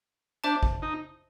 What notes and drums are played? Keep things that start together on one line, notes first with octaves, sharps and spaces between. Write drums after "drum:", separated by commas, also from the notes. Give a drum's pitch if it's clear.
D4 C5 E5 A5 D6 G6
drum: kick
D#4